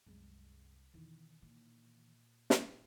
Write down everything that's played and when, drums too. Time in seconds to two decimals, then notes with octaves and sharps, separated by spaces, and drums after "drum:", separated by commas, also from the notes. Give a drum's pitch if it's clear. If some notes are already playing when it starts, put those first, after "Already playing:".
0.07 C2 F#2 C3 G#3
0.94 E2 B2 D#3 E3
1.42 A#2
2.50 drum: snare